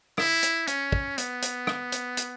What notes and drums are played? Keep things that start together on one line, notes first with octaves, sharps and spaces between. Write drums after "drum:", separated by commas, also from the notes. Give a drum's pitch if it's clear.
E4, drum: rim click
drum: hi-hat
C#4, drum: hi-hat
drum: kick
B3, drum: hi-hat
drum: hi-hat
drum: rim click
drum: hi-hat
drum: hi-hat